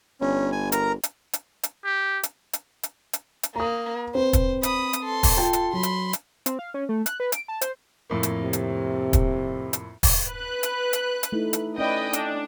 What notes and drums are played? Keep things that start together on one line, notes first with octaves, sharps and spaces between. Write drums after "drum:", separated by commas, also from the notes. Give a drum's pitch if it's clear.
G1 C#4
G#5
A#4 A#5, drum: hi-hat
drum: hi-hat
drum: hi-hat
drum: hi-hat
G4
drum: hi-hat
drum: hi-hat
drum: hi-hat
drum: hi-hat
drum: hi-hat
A#3 A#5 D#6
C4 B4 C5
drum: kick, hi-hat
B5 D#6, drum: hi-hat
drum: hi-hat
A4 C6
drum: kick, open hi-hat
F4 G5 A5
drum: hi-hat
F#3 B5 C6
drum: hi-hat
drum: hi-hat
C4, drum: hi-hat
F5
C#4
A3
F#6, drum: hi-hat
B4
D7, drum: hi-hat
A5
C5, drum: hi-hat
F2 A2 A#3
drum: hi-hat
C3
drum: hi-hat
drum: kick, hi-hat
drum: hi-hat
drum: kick, open hi-hat
B4 F#6
drum: hi-hat
drum: hi-hat
drum: hi-hat
A3 D#4 E4
drum: hi-hat
C#4 B4 D5 D#5 G5
D4, drum: hi-hat